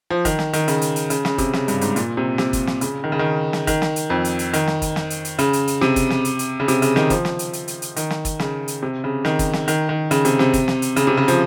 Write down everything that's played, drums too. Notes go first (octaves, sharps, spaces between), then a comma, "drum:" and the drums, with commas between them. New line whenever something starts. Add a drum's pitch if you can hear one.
F3
D#3, drum: kick, hi-hat
drum: snare
D#3, drum: hi-hat
C#3, drum: hi-hat
drum: hi-hat
drum: hi-hat
C#3, drum: hi-hat
C#3, drum: snare
C3, drum: kick, hi-hat
C#3, drum: snare
G2, drum: hi-hat
G#2, drum: hi-hat
A#2, drum: hi-hat
C3
C3, drum: snare
drum: kick, hi-hat
drum: snare
C#3, drum: hi-hat
D#3
C#3
D#3
drum: snare
D#3, drum: kick, hi-hat
drum: snare
drum: hi-hat
F2
drum: hi-hat
drum: hi-hat
D#3, drum: hi-hat
drum: snare
drum: kick, hi-hat
drum: snare
drum: hi-hat
drum: hi-hat
C#3, drum: hi-hat
drum: hi-hat
drum: hi-hat
C3, drum: snare
drum: kick, hi-hat
drum: snare
drum: hi-hat
drum: hi-hat
C#3
C3, drum: hi-hat
C#3, drum: hi-hat
D#3, drum: snare
F3, drum: kick, hi-hat
drum: snare
drum: hi-hat
drum: hi-hat
drum: hi-hat
drum: hi-hat
D#3, drum: hi-hat
drum: snare
drum: kick, hi-hat
C#3, drum: snare
drum: hi-hat
C3
C#3
D#3, drum: snare
drum: kick, hi-hat
drum: snare
D#3, drum: hi-hat
D#3
C#3, drum: hi-hat
C3, drum: hi-hat
C3, drum: snare
drum: kick, hi-hat
drum: snare
drum: hi-hat
C#3, drum: hi-hat
C3
C#3
F3, drum: hi-hat